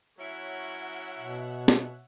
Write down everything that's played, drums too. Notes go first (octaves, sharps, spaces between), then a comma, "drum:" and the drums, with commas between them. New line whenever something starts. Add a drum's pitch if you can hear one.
F#3 C#4 E4 C#5 E5 F#5
B2
drum: snare